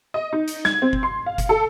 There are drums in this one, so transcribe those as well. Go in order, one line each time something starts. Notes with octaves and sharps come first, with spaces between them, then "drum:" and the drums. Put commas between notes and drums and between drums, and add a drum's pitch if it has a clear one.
D#5
D#4
drum: hi-hat
G#6, drum: snare
C4
drum: kick F#1
C6
F5
drum: kick F#1, hi-hat
A4